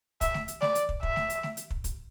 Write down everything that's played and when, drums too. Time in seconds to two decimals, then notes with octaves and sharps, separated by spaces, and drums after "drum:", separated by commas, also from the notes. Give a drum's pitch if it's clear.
0.21 E5, drum: kick, hi-hat
0.34 drum: snare A3
0.48 drum: hi-hat
0.62 D5, drum: snare A3
0.75 drum: hi-hat
0.89 drum: kick
1.03 E5, drum: kick
1.16 drum: snare A3
1.30 drum: hi-hat
1.43 drum: snare A3
1.57 drum: hi-hat
1.71 drum: kick
1.84 drum: kick, hi-hat